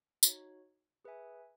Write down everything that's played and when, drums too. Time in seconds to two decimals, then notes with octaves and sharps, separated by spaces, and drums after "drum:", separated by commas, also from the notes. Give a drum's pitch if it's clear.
0.23 D#4 F#4 C#5, drum: tambourine
1.05 G#4 B4 E5 G#5